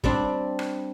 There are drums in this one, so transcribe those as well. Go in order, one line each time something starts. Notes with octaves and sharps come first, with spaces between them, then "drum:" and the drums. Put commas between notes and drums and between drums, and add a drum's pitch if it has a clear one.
G3 C4 D4, drum: kick
drum: rim click